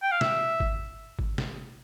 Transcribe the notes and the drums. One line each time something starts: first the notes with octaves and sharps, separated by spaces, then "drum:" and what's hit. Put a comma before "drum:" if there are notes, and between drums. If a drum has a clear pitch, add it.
G5
F5
E5, drum: snare
drum: kick G#1
drum: kick G#1
drum: snare